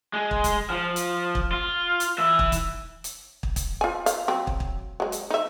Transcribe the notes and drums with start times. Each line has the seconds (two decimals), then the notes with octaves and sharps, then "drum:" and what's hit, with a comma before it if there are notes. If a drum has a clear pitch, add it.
0.13 G#3
0.31 drum: kick
0.44 drum: kick, hi-hat
0.70 F3
0.96 drum: hi-hat
1.35 drum: kick
1.51 F4
2.00 drum: hi-hat
2.18 E3 E5
2.39 drum: kick
2.52 drum: kick, hi-hat
3.04 drum: hi-hat
3.43 drum: kick
3.56 drum: kick, hi-hat
3.81 F4 G#5
4.06 F5, drum: hi-hat
4.28 F#3 C4
4.47 drum: kick
4.60 drum: kick
5.00 F#3 G#3
5.12 drum: hi-hat
5.30 D#4 E5